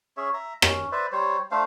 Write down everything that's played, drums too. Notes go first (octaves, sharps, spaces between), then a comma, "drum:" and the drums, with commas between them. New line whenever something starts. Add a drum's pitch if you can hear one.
C#4 G#4 C#5 E5
E5 A#5
C#4, drum: rim click
B4 C5 D5 E5
G3 C5 C#5
A3 D4 C5 F5